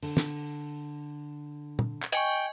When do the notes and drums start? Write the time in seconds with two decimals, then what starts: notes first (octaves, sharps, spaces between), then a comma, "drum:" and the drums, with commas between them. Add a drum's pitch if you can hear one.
0.03 D3, drum: open hi-hat
0.17 drum: snare
1.79 drum: tom
2.03 drum: clap
2.12 D#5 G5 G#5 C#6